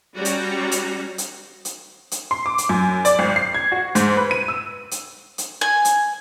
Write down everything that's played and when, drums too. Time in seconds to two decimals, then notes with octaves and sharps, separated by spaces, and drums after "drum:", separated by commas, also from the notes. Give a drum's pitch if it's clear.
0.15 G3 C#4 F#4 A#5
0.25 drum: hi-hat
0.72 drum: hi-hat
1.18 drum: hi-hat
1.65 drum: hi-hat
2.11 drum: hi-hat
2.31 C6
2.46 D6
2.58 drum: hi-hat
2.69 F#2
3.05 D5, drum: hi-hat
3.19 G#1
3.36 C7
3.54 G#6
3.72 F#4
3.95 G#2, drum: hi-hat
4.17 B4
4.31 D#7
4.48 E6
4.91 drum: hi-hat
5.38 drum: hi-hat
5.61 G#5
5.85 drum: hi-hat